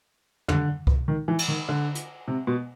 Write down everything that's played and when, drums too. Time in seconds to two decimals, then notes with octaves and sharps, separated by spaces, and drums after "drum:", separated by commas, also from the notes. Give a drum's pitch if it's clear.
0.48 D3, drum: tom
0.87 drum: kick C2
1.08 D#3
1.28 E3
1.39 drum: cymbal
1.48 D#3
1.69 D3
1.95 drum: hi-hat
2.28 C3
2.47 B2